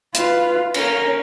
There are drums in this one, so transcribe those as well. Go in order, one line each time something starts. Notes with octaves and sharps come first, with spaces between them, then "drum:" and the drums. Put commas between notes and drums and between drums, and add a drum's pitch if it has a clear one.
F4 B4, drum: hi-hat
C#4 A#4, drum: cymbal